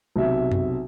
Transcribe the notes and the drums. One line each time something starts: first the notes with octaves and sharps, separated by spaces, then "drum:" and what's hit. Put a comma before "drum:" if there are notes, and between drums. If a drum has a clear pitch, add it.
B1 C3 E5
drum: tom F2